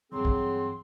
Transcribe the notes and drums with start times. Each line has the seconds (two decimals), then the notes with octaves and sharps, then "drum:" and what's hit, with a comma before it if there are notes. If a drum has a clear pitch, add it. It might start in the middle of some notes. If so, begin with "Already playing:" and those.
0.12 G2 E3 F#3 C4 G#4 C6
0.25 drum: kick